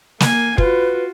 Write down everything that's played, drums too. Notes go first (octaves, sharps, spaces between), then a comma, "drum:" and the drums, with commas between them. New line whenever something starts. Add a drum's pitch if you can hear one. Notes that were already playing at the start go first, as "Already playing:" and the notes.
A#3 G#5, drum: snare
F4 F#4 B4, drum: kick